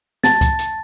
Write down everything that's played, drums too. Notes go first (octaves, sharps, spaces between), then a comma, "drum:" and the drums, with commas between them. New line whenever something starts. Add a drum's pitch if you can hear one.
A5 A6, drum: snare
drum: kick C#2, hi-hat
drum: hi-hat